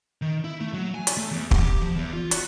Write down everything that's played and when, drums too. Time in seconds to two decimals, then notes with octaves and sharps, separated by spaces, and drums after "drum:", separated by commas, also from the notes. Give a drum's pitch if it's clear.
0.22 D#3
0.44 E4
0.61 A3
0.74 F#3
0.94 G#5
1.07 drum: hi-hat
1.17 A3
1.31 E2
1.51 G4, drum: kick
1.82 F3
1.96 E2
2.13 F4
2.31 F#4, drum: hi-hat